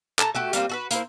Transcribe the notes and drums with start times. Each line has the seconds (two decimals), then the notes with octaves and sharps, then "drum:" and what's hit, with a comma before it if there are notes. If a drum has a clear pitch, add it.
0.19 A4 A5 A#5, drum: clap
0.35 A3 F#4 G4
0.53 G3 A#3 C4 F4, drum: hi-hat
0.69 F#4 A4 B4
0.91 A#3 E4 C5, drum: hi-hat